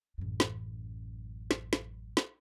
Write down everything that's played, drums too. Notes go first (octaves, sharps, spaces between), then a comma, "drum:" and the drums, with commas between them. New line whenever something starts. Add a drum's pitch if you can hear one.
A1 F#2
drum: snare
drum: snare
drum: snare
drum: snare